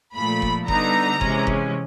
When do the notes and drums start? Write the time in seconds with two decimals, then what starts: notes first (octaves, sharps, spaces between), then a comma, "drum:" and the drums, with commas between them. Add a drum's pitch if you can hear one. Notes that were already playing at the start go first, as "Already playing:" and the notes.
0.16 A#2 F3 A3 B5
0.42 drum: kick F#1
0.68 D3 G3 B3 D#4 A#5, drum: kick F#1
1.21 C3 E3 G#3 C#4, drum: kick F#1
1.47 drum: kick F#1